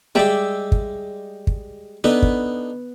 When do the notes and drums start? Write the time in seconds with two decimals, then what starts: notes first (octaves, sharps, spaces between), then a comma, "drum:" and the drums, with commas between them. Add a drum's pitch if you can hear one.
0.15 G3 G#3 G4 D5 E5 G5
0.72 drum: kick
1.47 drum: kick
2.04 B3 D4 D#4 A4
2.22 drum: kick